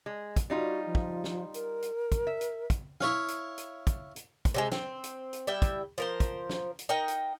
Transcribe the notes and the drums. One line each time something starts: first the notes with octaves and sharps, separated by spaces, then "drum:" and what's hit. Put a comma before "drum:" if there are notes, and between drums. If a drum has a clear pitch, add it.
G#3
drum: kick, hi-hat
G3 D#4 F4 F#4
F3
drum: kick
drum: snare
A#4, drum: hi-hat
drum: hi-hat
drum: kick, hi-hat
E5
drum: hi-hat
drum: kick, hi-hat
E4 C#5 F5, drum: snare
drum: hi-hat
drum: hi-hat
drum: kick, hi-hat
drum: hi-hat
drum: kick, hi-hat
C3 F#3 G#3
C4, drum: snare
drum: hi-hat
drum: hi-hat
G3 E4 E5 G5
drum: kick, hi-hat
F3 A#4 C5
drum: kick, hi-hat
drum: snare
drum: hi-hat
D#4 A#4 D#5 G5
drum: hi-hat